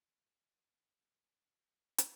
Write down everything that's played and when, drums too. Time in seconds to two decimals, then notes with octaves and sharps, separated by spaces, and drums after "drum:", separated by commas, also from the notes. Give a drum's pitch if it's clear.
0.16 A2
0.37 G#5
0.74 C3
0.98 G2
1.20 G#3
1.42 A#2
1.63 C5
1.98 drum: hi-hat